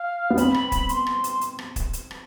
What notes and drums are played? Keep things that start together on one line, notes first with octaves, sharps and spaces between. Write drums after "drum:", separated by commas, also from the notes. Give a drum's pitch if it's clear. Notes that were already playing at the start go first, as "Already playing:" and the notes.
Already playing: F5
B3
C4 B5, drum: hi-hat
drum: rim click
drum: kick, hi-hat
C6, drum: hi-hat
drum: rim click
drum: hi-hat
drum: hi-hat
drum: rim click
drum: kick, hi-hat
drum: hi-hat
drum: rim click